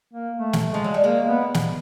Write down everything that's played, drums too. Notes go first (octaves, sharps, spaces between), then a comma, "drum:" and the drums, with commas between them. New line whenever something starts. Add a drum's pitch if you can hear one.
A#3
A3
drum: snare
F3 G#3
F#3
G3
G#3 A#3
B3
drum: snare